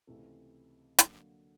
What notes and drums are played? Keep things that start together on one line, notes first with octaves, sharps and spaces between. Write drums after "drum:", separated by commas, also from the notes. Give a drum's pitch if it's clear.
C#2 C3 E3 A3
D3 F#3 A#3, drum: hi-hat